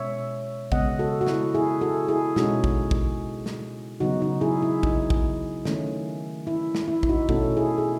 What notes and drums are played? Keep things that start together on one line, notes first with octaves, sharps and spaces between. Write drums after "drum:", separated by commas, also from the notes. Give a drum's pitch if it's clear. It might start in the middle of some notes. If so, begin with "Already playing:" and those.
Already playing: B2 G#3 C#4 C#5 E5
C#3 G#3 B3 D#5 F#5, drum: kick
F#4 A4
F#4
E4, drum: snare
E4 G#4
F#4 A4
E4 G#4
B2 G#3 C#4 D#4 F#4, drum: snare
drum: kick
drum: kick
drum: snare
C#3 F#3 B3 D#4 F#4
D#4
E4 G#4
E4
D#4, drum: kick
drum: kick
D#3 A3 C#4, drum: snare
E4
drum: snare
E4
E4, drum: kick
D#4 F#4
B2 A3 C#4 F#4 A4, drum: kick
E4 G#4
G#4